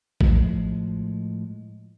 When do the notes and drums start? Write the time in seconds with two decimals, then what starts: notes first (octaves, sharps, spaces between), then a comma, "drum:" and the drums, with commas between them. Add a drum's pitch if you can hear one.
0.21 A2 F3 G#3, drum: kick A1